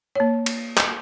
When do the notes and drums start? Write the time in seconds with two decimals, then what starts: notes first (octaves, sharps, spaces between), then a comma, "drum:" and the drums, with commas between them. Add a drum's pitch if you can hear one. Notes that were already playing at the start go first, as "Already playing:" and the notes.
0.15 A#3 C#5
0.46 drum: cymbal
0.77 drum: clap